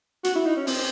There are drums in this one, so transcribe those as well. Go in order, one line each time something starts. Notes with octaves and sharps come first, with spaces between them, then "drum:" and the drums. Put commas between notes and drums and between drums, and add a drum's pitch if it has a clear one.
F#4, drum: hi-hat
E4
D#4
C#4
C4, drum: open hi-hat